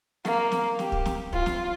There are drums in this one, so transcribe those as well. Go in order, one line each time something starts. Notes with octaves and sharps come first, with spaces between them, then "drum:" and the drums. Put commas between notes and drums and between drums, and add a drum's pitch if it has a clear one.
A#3, drum: snare
drum: snare
G4, drum: snare
drum: kick
drum: snare
F4, drum: kick
drum: snare